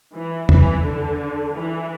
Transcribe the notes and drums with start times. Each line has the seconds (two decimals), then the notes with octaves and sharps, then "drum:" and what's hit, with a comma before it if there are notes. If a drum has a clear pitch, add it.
0.13 E3
0.49 E3, drum: tom
0.85 D3
1.56 E3